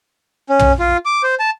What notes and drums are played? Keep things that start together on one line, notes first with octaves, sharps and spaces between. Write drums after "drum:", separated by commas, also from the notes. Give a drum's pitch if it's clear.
C#4
drum: tom
F4
D6
C5
A5